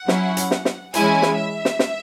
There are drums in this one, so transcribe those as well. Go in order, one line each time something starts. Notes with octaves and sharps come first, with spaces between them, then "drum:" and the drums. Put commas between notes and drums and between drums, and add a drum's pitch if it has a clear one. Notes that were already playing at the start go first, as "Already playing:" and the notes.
Already playing: F#5
F#3 C#4 E4, drum: snare
drum: hi-hat
drum: snare
drum: snare
E3 G#3 C#4 E4 G#5, drum: hi-hat
drum: snare
E5
drum: snare
drum: snare